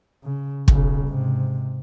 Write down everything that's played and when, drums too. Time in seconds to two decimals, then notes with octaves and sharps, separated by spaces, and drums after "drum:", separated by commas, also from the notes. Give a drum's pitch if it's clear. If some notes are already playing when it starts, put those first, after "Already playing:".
0.24 C#3
0.68 B1 C#3, drum: kick
1.08 G#2 C3